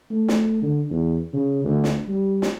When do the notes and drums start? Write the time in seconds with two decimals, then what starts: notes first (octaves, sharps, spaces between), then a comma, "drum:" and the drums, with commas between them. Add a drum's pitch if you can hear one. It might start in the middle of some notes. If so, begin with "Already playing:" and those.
0.11 A3
0.28 drum: snare
0.62 D3
0.91 E2
1.34 C#3
1.64 D2
1.84 drum: snare
2.08 G3
2.42 drum: snare